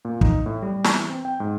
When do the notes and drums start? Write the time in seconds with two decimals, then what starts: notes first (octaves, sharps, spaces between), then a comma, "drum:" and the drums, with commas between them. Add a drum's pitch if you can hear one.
0.05 A#2
0.21 D#4, drum: kick
0.46 A2
0.62 G3
0.84 E3, drum: snare
1.09 C4
1.25 G5
1.40 G#2